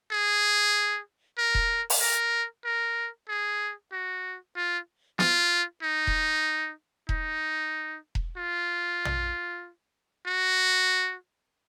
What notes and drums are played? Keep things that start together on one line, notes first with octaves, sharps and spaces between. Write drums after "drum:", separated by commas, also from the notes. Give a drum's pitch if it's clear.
G#4
A#4
drum: kick E1
drum: open hi-hat
A#4
A#4
G#4
F#4
F4
F4, drum: snare
D#4
drum: kick E1
D#4, drum: kick E1
drum: kick E1
F4
drum: tom A#1
F#4